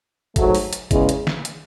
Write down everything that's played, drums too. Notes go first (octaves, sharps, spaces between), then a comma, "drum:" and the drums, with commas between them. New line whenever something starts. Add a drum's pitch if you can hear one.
G#2 F#3 A3, drum: kick G#1, hi-hat
drum: open hi-hat
drum: hi-hat
E2 C#3 G#3, drum: kick G#1, hi-hat
drum: hi-hat
drum: snare
drum: hi-hat